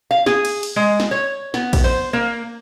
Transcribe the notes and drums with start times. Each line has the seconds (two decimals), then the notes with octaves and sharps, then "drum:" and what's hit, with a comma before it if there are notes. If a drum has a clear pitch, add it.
0.11 F5
0.26 G#4, drum: snare
0.45 drum: cymbal
0.63 drum: cymbal
0.76 G#3
1.00 drum: snare
1.11 C#5
1.54 B3, drum: snare
1.73 drum: kick A#1, cymbal
1.84 C5
2.13 A#3